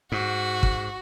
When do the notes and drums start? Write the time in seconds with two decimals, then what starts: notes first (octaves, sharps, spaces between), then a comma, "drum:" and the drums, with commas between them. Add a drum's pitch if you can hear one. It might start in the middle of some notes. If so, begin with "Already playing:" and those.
0.12 G#2 F#4
0.63 drum: kick